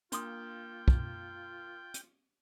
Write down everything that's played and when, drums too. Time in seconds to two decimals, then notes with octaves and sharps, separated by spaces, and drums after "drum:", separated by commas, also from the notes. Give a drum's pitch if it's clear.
0.12 A#3 D4 F4 G5 C6 D#6, drum: hi-hat
0.88 drum: kick
1.94 drum: hi-hat